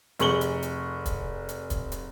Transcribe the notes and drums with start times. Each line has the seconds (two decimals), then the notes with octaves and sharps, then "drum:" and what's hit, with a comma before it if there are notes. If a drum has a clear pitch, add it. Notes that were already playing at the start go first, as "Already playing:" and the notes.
0.19 F1 G#4 C#6 F#7 G7, drum: hi-hat
0.41 drum: hi-hat
0.63 drum: hi-hat
1.06 drum: kick, hi-hat
1.49 drum: hi-hat
1.70 drum: kick, hi-hat
1.92 drum: hi-hat